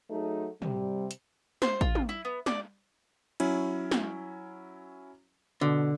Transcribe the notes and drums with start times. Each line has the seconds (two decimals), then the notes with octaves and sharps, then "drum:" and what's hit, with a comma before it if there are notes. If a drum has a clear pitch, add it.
0.10 F#3 A3 D#4 G#4 A4
0.62 C3 G3, drum: tom
1.11 drum: hi-hat
1.62 C5, drum: snare
1.81 F4, drum: kick A1
1.95 drum: tom
2.09 E4
2.25 B3
2.46 D5, drum: snare
3.40 F#3 C#4 E4, drum: cymbal
3.91 drum: snare
5.61 B2 D3